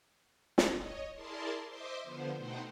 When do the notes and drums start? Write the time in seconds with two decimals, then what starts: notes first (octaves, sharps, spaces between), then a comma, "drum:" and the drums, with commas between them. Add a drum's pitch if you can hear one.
0.58 drum: snare
0.73 C#5 D#5
1.13 E4 G#4 A#4 D5 A5 C6
1.67 C5 D#5 E5 C6 D6
2.03 D3 F3 B3 C5
2.37 B2 A3 D#4 C5 F#5 G5